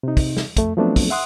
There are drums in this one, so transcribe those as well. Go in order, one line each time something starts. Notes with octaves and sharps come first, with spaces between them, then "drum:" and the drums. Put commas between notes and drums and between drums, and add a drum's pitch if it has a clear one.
C3 D#4
drum: kick, open hi-hat
drum: snare
F2 A3, drum: kick, hi-hat
F3 F#3 A3 B3 C4 D4
drum: kick, open hi-hat
E5 F#5 C6 D#6 F#6